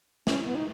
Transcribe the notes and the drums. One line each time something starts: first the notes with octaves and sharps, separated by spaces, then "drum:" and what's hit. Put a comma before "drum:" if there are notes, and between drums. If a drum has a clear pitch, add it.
C#4, drum: snare
B3
D#4